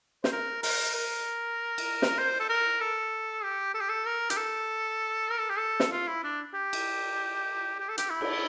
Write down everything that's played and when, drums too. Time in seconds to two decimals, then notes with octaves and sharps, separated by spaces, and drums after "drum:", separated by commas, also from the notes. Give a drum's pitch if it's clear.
0.24 C5, drum: snare
0.32 A#4
0.63 A#4, drum: open hi-hat
0.94 A#4
1.78 drum: cymbal
2.02 drum: snare
2.19 C5
2.40 A4
2.50 A#4
2.81 A4
3.44 G4
3.74 A4
3.81 G4
3.89 A4
4.06 A#4
4.30 G4, drum: hi-hat
4.37 A4
5.31 A#4
5.39 A4
5.50 G4
5.58 A4
5.80 drum: snare
5.92 F4
6.08 E4
6.24 D4
6.54 G4
6.73 drum: cymbal
7.80 G4
7.89 A4
7.98 G4, drum: hi-hat
8.10 E4
8.21 drum: cymbal